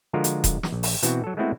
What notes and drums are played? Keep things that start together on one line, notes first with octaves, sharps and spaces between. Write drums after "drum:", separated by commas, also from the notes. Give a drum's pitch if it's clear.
D3 F3 G#3 F4 F#4 A#4
drum: hi-hat
drum: kick D#1, hi-hat
drum: snare
A#1
drum: open hi-hat
B2 E3 C4 F#4, drum: hi-hat
F#3 A4
G#3 A3 B3 C4 E4 F#4